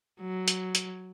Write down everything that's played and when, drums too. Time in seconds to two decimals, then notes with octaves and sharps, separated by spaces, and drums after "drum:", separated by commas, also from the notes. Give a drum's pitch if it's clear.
0.20 F#3
0.48 drum: hi-hat
0.75 drum: hi-hat